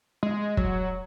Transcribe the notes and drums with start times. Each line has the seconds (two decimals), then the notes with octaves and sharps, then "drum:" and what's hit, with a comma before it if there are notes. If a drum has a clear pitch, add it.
0.23 G#3
0.57 F#3, drum: kick